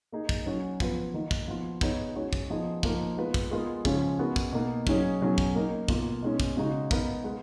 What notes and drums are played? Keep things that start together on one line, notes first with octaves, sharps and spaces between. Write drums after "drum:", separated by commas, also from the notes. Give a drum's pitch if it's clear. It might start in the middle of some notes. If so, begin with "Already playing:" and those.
A#3 D#4 G#4
drum: kick
F#3 C#4 F#4
F3 B3 F4 B4, drum: kick
D#3 A#3 D#4
drum: kick
F3 B3 F4
B3 D#4 G#4 C#5, drum: kick
G#3 C#4 F#4 C#5
drum: kick
F3 B3 D#4 G#4 D#5
F3 A#3 D#4 A#4, drum: kick
G#3 B3 F4 B4
drum: kick
G#3 B3 F4 A#4 D#5
C#3 F3 G#3 C#4, drum: kick
G#3 B3 F#4 A#4
drum: kick
B2 A#3 D#4
F#3 C#4 G#4 D#5, drum: kick
B2 F#3 C#4 G#4
drum: kick
A#3 D#4 A#4
B2 A#3 F4, drum: kick
B2 G#3 C#4
drum: kick
C#3 G#3 D#4 F#4
B3 D#4 A#4 F5, drum: kick
G#3 B3